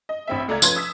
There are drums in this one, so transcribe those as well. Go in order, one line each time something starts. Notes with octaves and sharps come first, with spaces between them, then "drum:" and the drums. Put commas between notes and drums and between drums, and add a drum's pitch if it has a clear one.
D#5
A1 C4 E5
C#2 A3 D5 A#5 G#6
F3 C#4 B4 C6 G#6, drum: tambourine
D#6 E6 G#6 B6